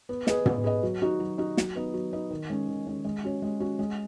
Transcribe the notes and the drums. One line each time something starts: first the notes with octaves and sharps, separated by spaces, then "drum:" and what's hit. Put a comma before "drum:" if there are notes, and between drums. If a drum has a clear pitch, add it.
B3
G#4 B4 D#5, drum: snare
B3, drum: tom
G#4 B4 D#5
F#3
D#4 F#4
F#3
D#4 F#4
F#3, drum: snare
B3 D#4
F#3
B3 D#4
D#3
G#3 C#4
D#3
G#3 C#4
G#3
C#4 F#4 C#5
G#3
C#4 F#4 C#5
G#3